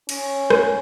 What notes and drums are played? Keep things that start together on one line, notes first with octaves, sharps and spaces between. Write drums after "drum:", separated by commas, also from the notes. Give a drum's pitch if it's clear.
C#4, drum: cymbal
drum: rim click